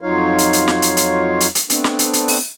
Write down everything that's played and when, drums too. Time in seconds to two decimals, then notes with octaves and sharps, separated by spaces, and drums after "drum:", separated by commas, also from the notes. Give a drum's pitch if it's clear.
0.01 F2 F#3 D#4 F4 C#5 F5
0.38 drum: hi-hat
0.53 drum: hi-hat
0.68 drum: snare
0.82 drum: hi-hat
0.97 drum: hi-hat
1.40 drum: hi-hat
1.55 drum: hi-hat
1.70 A3 B3 C4 D4, drum: hi-hat
1.84 drum: snare
1.99 drum: hi-hat
2.13 drum: hi-hat
2.28 drum: open hi-hat